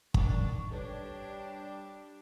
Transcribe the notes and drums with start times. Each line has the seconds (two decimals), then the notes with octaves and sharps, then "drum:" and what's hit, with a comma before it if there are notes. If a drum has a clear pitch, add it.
0.14 D#3 G3 D4 C#6, drum: kick
0.71 G3 D4 G4 A4 B4 C#5 A5